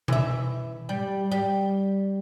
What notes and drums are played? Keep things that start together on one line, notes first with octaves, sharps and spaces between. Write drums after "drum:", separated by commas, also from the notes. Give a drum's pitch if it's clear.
E3 E5, drum: tom B2
G3
G3